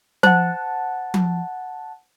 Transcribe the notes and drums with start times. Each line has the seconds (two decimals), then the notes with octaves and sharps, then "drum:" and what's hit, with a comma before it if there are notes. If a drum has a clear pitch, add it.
0.23 C5 F#5 A5, drum: tom F3
1.14 drum: tom F3